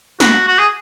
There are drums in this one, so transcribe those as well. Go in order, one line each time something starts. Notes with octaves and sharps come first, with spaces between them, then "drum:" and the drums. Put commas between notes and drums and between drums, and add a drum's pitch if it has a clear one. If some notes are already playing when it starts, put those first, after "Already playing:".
F#4, drum: snare
F#4
G#4